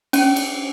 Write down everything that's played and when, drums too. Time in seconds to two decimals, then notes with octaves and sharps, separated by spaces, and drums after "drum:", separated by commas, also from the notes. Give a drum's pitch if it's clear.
0.13 C#4, drum: cymbal
0.36 drum: cymbal